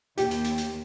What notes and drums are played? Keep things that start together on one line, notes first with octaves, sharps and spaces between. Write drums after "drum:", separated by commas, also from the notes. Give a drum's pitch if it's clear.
D#2 G4, drum: hi-hat
drum: hi-hat
drum: hi-hat
drum: hi-hat